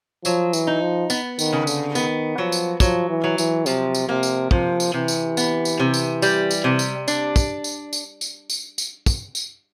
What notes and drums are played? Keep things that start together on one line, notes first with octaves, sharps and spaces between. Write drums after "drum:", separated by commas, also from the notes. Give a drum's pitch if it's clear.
F3 F#3, drum: tambourine
E3, drum: tambourine
D#4
F3
B3, drum: tambourine
D#3, drum: tambourine
C#3
D3, drum: tambourine
D#3 B3, drum: tambourine
F3 F#3
drum: tambourine
F3 F#3, drum: kick, tambourine
E3
F#3
E3, drum: tambourine
C3 F3, drum: tambourine
drum: tambourine
C3 A#3
drum: tambourine
C3 F3, drum: kick
drum: tambourine
C3 E3
drum: tambourine
B3, drum: tambourine
drum: tambourine
C3
drum: tambourine
G3, drum: tambourine
drum: tambourine
C3
drum: tambourine
D4, drum: tambourine
drum: kick, tambourine
drum: tambourine
drum: tambourine
drum: tambourine
drum: tambourine
drum: tambourine
drum: kick, tambourine
drum: tambourine